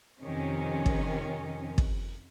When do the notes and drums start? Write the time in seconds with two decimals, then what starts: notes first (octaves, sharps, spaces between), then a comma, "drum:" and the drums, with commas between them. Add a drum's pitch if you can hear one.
0.20 F2 C3 D#3 C#4
0.86 drum: kick
1.78 drum: kick